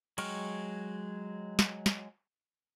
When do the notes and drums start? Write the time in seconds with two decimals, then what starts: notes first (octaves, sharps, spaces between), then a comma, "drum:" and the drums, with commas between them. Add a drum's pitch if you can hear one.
0.18 F#3 G#3 G5 C#6 F6, drum: cymbal
1.59 drum: snare
1.86 drum: snare